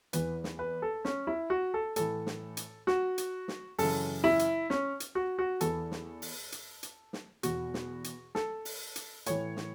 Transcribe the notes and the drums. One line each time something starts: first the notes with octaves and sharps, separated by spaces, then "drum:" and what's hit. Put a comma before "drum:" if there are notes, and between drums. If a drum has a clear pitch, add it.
E2 E3 B4, drum: hi-hat
drum: snare
B4
A4
C#4, drum: snare
E4
F#4
A4
A2 E3 A4, drum: hi-hat
drum: snare
drum: hi-hat
F#4, drum: snare
drum: hi-hat
drum: snare
F#2 C#3 E3 A4, drum: open hi-hat
E4
drum: hi-hat
C#4, drum: snare
drum: hi-hat
F#4
F#4
E2 E3 A4, drum: hi-hat
drum: snare
drum: open hi-hat
drum: hi-hat
drum: hi-hat
drum: snare
E2 B2 F#4, drum: hi-hat
drum: snare
drum: hi-hat
A4, drum: snare
drum: open hi-hat
drum: hi-hat
A2 E3 C#5, drum: hi-hat
drum: snare